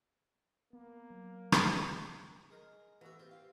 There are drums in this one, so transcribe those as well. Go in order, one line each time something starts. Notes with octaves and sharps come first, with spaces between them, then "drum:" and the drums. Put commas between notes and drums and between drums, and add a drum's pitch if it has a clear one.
A#3 B3
F#3
drum: rim click
G#3 A#4
A1 E3 F#4 B4 E5
C4 F4 G4
A#3 F5